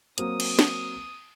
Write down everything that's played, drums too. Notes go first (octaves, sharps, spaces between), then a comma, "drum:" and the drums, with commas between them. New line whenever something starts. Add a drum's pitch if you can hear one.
F#3 A#3 C4 D#6, drum: hi-hat
drum: cymbal
drum: snare